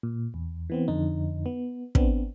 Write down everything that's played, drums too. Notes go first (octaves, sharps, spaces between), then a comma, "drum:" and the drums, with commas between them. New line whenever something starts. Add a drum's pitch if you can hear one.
A#2
E2
E3 B3 C4
F2 D3 D#4
B3
B3 C4 D4, drum: kick